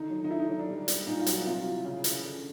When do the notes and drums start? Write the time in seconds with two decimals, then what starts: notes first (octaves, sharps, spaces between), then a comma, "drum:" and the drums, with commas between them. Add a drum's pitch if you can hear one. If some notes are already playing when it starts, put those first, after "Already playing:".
Already playing: D3 D#3 D#4
0.10 F#3
0.24 D#4
0.29 D3 E4
0.39 D#4
0.49 F#3
0.59 D4
0.68 G3
0.88 G3, drum: hi-hat
1.07 A#2 D#4
1.20 F4
1.26 F#3, drum: hi-hat
1.32 F#4
1.45 C3 F4
1.65 E3
1.84 C#3
2.04 E3, drum: hi-hat
2.22 D3